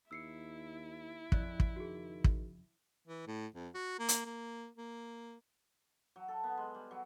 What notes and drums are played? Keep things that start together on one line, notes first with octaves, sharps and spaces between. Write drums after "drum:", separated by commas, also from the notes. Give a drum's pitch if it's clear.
D#2 E4 E6 C7 C#7
F2 C#3 D5 F#6, drum: kick
drum: kick
D#3 F#4 G#4
drum: kick
E3
A2
F2
F#4
A#3
drum: hi-hat
A#3
A#3
F#3
A4
B3
G#3
G3
F#3